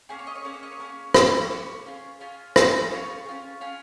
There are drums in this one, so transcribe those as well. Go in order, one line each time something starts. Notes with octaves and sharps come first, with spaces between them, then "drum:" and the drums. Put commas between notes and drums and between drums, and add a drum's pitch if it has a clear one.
A#3 C#4 G#4 G#5
C#5
D#5
C#5
A#3 C#4 G#4
C#5
D#5
C#5
A#3 C#4 G#4
A#3 C#4 G#4, drum: rim click
A#3 C#4 G#4 C#5
C#4 F4 G#4
C#4 F4 G#4
C#4 F4 G#4, drum: rim click
C#4 F4 G#4 C#5
G#4
C#4 F4
C#4 F4 G#4